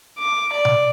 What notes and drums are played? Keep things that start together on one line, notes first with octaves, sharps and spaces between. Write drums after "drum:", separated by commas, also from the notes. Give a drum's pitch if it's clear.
D6
D5
drum: tom B2